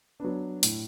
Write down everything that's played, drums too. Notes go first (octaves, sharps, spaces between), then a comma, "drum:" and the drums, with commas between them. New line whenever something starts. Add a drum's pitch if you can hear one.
F#3 B3 D4
A2, drum: open hi-hat